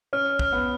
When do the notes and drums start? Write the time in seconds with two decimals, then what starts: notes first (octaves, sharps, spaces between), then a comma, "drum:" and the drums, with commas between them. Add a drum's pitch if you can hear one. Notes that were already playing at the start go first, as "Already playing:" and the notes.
0.13 C#4 F6
0.39 F6, drum: kick
0.52 B3